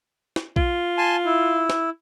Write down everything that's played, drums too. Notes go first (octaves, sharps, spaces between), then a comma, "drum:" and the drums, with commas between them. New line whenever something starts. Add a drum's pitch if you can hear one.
drum: snare
F4, drum: kick A#1
G#5 A5 C6
E4
drum: snare